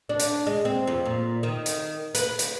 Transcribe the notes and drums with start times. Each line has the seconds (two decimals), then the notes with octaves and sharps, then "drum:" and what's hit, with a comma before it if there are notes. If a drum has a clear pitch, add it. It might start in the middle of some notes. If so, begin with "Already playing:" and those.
0.09 D4
0.19 drum: hi-hat
0.47 G#3
0.65 C4
0.87 F2
1.05 A#2
1.43 D#3
1.66 drum: hi-hat
2.15 B4, drum: hi-hat
2.39 drum: hi-hat